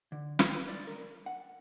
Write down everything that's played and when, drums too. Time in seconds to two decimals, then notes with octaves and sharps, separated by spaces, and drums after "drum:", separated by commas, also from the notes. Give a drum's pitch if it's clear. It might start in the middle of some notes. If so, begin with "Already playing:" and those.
0.12 D3
0.39 D#3, drum: snare
0.55 B4
0.68 D5
0.87 A#4
1.26 F#5